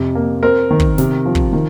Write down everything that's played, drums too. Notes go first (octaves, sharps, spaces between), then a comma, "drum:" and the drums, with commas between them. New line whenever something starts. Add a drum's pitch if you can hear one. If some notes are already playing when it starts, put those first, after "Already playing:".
Already playing: F2 C3
A#3
C4 A#4
D#3
drum: kick
C3, drum: snare
F3
drum: kick
D#3